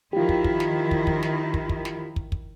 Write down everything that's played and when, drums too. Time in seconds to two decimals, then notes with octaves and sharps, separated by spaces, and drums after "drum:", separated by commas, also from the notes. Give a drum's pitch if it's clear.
0.13 D#3 F3 E4 F4 G4
0.29 drum: kick
0.44 drum: kick
0.60 drum: snare
0.91 drum: kick
1.07 drum: kick
1.23 drum: snare
1.54 drum: kick
1.69 drum: kick
1.85 drum: snare
2.16 drum: kick
2.32 drum: kick